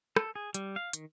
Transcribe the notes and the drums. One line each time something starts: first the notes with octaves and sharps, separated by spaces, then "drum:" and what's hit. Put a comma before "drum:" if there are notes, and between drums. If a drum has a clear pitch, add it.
A4, drum: rim click
G#4
G3, drum: hi-hat
F5
D#3, drum: hi-hat